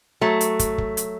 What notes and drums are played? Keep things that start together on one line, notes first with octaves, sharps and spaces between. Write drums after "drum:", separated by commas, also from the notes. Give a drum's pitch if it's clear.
F#3 A3
drum: hi-hat
drum: kick, hi-hat
drum: kick
drum: hi-hat